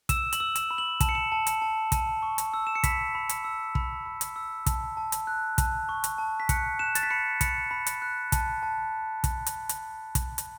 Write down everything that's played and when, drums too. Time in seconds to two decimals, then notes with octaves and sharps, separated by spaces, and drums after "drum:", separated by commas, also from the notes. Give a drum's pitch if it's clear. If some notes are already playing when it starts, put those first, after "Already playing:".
0.09 E6 E7, drum: kick, hi-hat
0.33 F#7, drum: hi-hat
0.40 E6
0.56 E7, drum: hi-hat
0.71 B5
0.78 F#7
1.00 A5 E7, drum: kick, hi-hat
1.09 C#7
1.15 E7
1.32 A5
1.47 drum: hi-hat
1.62 A5
1.92 A5, drum: kick, hi-hat
2.23 C#6
2.38 drum: hi-hat
2.54 E6
2.67 E7
2.75 C#7
2.84 B5 B6, drum: kick, hi-hat
3.15 B5
3.29 drum: hi-hat
3.44 E6
3.75 B5, drum: kick
4.06 B5
4.21 drum: hi-hat
4.36 E6
4.66 A5, drum: kick, hi-hat
4.97 A5
5.12 drum: hi-hat
5.27 F#6
5.58 A5, drum: kick, hi-hat
5.89 C#6
6.04 drum: hi-hat
6.18 A5
6.40 B6
6.49 F#6 C#7, drum: kick, hi-hat
6.79 F#6 E7
6.95 A6, drum: hi-hat
7.03 B6
7.10 B5 C#7
7.41 B5 C#7, drum: kick, hi-hat
7.71 B5
7.87 drum: hi-hat
8.02 F#6
8.32 A5, drum: kick, hi-hat
8.63 A5
9.24 drum: kick, hi-hat
9.46 drum: hi-hat
9.69 drum: hi-hat
10.15 drum: kick, hi-hat
10.38 drum: hi-hat